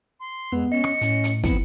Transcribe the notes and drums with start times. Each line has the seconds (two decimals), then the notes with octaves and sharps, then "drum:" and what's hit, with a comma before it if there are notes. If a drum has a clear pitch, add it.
0.20 C6
0.52 F2 G#3 B3
0.72 C#4 D#5 C#7
0.84 drum: rim click
1.01 A2 C#4, drum: hi-hat
1.24 drum: hi-hat
1.44 F3 B3 C4 E4 C#7, drum: kick, hi-hat